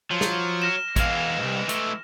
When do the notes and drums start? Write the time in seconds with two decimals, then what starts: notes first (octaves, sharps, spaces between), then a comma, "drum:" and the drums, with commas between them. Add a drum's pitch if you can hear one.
0.11 F3 F#3
0.21 drum: snare
0.62 F6 A#6 E7
0.96 E2 E3 G#3 F5, drum: kick, hi-hat
1.39 C2 G#2
1.69 A3, drum: hi-hat